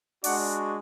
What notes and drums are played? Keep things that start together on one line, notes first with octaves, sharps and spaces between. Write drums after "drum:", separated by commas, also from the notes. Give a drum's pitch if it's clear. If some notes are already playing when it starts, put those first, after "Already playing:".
G#3 D4 F#4 D5 F#5, drum: open hi-hat